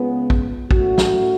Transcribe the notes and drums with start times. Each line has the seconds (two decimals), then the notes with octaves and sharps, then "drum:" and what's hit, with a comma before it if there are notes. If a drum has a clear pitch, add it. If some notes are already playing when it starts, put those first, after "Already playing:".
Already playing: C#2 C#3 G#3 B3
0.30 drum: kick
0.71 A2 F#3 A3 C#4 F#4, drum: kick
0.98 drum: snare